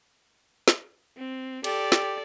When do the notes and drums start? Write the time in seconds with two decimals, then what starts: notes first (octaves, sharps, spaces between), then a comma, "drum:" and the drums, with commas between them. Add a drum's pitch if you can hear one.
0.68 drum: snare
1.17 C4
1.64 G4 A4 D5, drum: cymbal
1.92 drum: snare